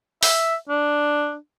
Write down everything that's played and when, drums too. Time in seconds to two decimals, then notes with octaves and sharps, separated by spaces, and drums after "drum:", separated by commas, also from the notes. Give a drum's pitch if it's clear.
0.23 E5, drum: open hi-hat
0.69 D4